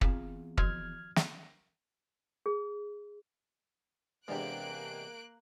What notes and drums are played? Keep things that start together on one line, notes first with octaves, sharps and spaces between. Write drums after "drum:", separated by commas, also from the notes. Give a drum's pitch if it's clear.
E2 C4 F4 G#4 F5, drum: kick
D#3 F3 F#4 F6 G#6, drum: kick
drum: snare
G#4
E2 C3 G#3 A#3 D4 G4 F#6 D7